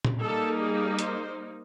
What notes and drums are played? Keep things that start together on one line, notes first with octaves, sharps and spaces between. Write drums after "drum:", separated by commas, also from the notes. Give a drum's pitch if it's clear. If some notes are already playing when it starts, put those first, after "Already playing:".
drum: tom A#2
G3 A#3 D#4 A4
G#4
C5, drum: hi-hat